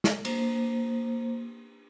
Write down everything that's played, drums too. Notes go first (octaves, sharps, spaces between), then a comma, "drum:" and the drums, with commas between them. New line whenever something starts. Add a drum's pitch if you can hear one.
drum: snare
A#3 C5, drum: cymbal